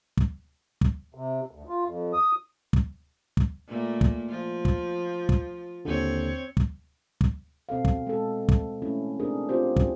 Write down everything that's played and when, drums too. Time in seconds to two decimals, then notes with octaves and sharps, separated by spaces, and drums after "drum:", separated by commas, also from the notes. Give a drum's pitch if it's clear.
0.17 drum: kick
0.81 drum: kick
1.14 C3
1.51 D2
1.69 F4
1.85 F2
2.13 D#6
2.73 drum: kick
3.37 drum: kick
3.68 A#2 A3 A#3
4.01 drum: kick
4.29 F3 F4
4.65 drum: kick
5.29 drum: kick
5.85 D#2 D3 C4 C#5
6.57 drum: kick
7.21 drum: kick
7.69 B2 C4 A4 F5
7.85 drum: kick
8.07 G#3 A4
8.49 drum: kick
8.82 A3 C#4 E4
9.20 C4 D4 G#4 A#4
9.49 C4 F4 G4 C5
9.76 drum: kick